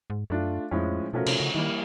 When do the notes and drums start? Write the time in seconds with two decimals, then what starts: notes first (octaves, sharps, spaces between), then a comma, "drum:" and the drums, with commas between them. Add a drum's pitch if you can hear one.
0.10 G#2
0.30 F#2 A3 D4 F4
0.71 F2 A2 F3 G#3 C#4
1.13 B2 F3 A3 C#4 F#4 A#4
1.26 C3, drum: cymbal
1.40 C#3
1.54 D#3 E3 G3 A#3